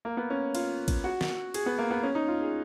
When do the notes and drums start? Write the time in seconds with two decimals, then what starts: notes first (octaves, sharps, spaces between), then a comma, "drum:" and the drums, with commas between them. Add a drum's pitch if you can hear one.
0.05 A#3
0.17 B3
0.30 C#4
0.55 F4, drum: cymbal
0.88 drum: kick A1, cymbal
1.04 F#4
1.21 drum: snare
1.54 G#4, drum: cymbal
1.66 B3
1.79 A#3
1.91 B3
2.03 C#4
2.15 D#4
2.28 F4
2.41 G#4